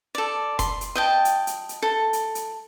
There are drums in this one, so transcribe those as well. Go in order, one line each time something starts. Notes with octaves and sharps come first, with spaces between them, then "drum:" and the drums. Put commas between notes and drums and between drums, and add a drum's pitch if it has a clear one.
A4 D5
C6, drum: kick F1, hi-hat
drum: hi-hat
D#5 G5 A5
drum: hi-hat
drum: hi-hat
drum: hi-hat
A4
drum: hi-hat
drum: hi-hat